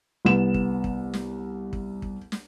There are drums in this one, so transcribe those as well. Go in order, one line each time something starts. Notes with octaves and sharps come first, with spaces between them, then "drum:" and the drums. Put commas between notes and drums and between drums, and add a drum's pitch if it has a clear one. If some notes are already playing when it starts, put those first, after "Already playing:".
C2 B3 E7
drum: kick
drum: kick
drum: snare
drum: kick
drum: kick
drum: snare